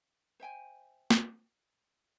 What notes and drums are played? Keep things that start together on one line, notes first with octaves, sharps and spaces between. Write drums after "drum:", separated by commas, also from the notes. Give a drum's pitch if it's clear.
C5 E5 G5 G#5
drum: snare